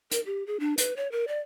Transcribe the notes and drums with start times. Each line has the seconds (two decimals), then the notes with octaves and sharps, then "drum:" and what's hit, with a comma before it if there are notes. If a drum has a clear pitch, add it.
0.11 A#4, drum: hi-hat
0.26 G4
0.47 G#4
0.60 D4
0.78 B4, drum: hi-hat
0.97 C#5
1.12 A#4
1.28 D5